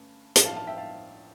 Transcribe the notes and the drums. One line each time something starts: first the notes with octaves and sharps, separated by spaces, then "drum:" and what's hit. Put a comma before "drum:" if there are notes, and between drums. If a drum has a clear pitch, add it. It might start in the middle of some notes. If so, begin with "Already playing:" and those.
Already playing: G2 D3 A3 C#4
A1 G2 F3, drum: hi-hat
F5 A5
F5 A5
E5 G5
F5 A5